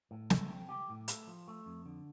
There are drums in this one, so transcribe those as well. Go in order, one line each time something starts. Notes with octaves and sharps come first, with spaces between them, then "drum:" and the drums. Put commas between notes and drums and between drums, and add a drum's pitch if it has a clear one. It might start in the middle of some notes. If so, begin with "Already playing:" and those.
A2
A3, drum: snare
C4
G4
A2
A3, drum: hi-hat
F3
A3
F2
D3